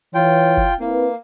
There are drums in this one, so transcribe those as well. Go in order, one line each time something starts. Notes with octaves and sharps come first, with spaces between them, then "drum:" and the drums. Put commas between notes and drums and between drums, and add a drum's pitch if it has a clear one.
E3 F4 C#5 G5
drum: kick
A#3 C4 E4 B4